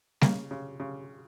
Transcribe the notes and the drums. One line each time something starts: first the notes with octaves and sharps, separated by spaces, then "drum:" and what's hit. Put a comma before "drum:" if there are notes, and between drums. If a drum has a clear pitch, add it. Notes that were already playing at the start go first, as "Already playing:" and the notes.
C#3 A#3, drum: snare G3
C#3
C#3